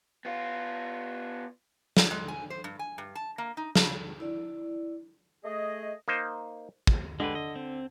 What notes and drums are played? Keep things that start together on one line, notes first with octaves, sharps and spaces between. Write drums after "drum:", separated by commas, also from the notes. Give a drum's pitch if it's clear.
B3 F4
D5, drum: snare
G#3
G#5
C5
G2
G#5
G2
A5
A#3
D#4
C#3, drum: snare
E4 D5
A3 G#4 D#5
A#3 D#4 C5
drum: kick
D3 G#3 G4 B4
D#5
C4